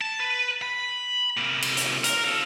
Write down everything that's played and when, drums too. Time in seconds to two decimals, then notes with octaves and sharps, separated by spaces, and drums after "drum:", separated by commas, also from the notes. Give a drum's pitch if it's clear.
0.01 A5
0.20 B4
0.62 B5
1.37 C3 A#3
1.62 drum: cymbal
1.77 drum: hi-hat
2.04 A#4, drum: hi-hat
2.24 A4 F5